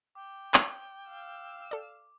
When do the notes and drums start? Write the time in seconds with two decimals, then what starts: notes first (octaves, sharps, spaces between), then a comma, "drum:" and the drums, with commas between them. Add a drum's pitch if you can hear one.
0.15 G5 D6
0.54 drum: clap
1.08 F5 E6
1.71 A4 D5